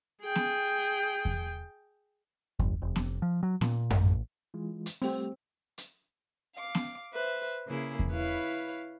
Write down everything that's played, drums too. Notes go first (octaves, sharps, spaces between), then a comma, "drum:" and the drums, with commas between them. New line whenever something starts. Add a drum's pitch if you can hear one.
G#4 G5
drum: snare B3
drum: kick E2
G1, drum: kick E2
F1
drum: snare B3
F3
F#3
A#2, drum: snare B3
A1, drum: tom F#2
E3 G#3 F4
drum: hi-hat
G3 A3 C4 G4, drum: open hi-hat
drum: hi-hat
F5 D6
drum: snare B3
B4 C5 E5
C#3 A#3 E4 G#4
drum: kick E2
E4 B4 C#5 F5